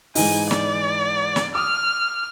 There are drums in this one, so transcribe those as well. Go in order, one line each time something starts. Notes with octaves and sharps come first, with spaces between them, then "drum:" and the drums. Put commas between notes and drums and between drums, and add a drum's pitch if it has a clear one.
G#2 E3 D#4 G#5, drum: open hi-hat
D5, drum: snare
drum: snare
D6 D#6 F6